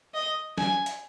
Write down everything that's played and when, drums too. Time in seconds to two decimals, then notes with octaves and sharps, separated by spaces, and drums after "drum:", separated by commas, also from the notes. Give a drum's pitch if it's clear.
0.14 D#5
0.58 G#5, drum: snare
0.86 drum: hi-hat